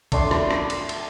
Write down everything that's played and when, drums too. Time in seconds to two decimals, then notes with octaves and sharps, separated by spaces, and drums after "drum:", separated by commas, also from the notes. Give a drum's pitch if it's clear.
0.12 A3 D4 C6, drum: kick, cymbal
0.31 drum: rim click
0.51 drum: rim click
0.70 drum: cymbal
0.89 drum: cymbal